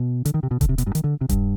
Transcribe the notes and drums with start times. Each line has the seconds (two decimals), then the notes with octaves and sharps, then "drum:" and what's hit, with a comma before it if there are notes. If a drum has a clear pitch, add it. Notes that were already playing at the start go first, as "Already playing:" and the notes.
Already playing: B2
0.25 D3, drum: hi-hat
0.34 D#3
0.43 C3
0.51 B2
0.61 D3, drum: kick D#1, hi-hat
0.69 C3
0.78 B2, drum: hi-hat
0.87 G2
0.95 D#3, drum: hi-hat
1.04 D3
1.21 C3
1.29 G2, drum: kick D#1, hi-hat